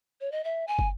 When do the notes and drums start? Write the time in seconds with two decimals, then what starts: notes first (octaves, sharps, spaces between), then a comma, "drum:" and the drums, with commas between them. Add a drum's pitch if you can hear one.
0.21 C#5
0.32 D#5
0.44 E5
0.67 G#5
0.79 drum: kick